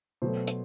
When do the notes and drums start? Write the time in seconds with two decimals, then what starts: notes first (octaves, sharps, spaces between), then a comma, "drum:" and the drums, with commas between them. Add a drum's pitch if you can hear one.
0.22 B2 F#3 A3 C5
0.47 drum: hi-hat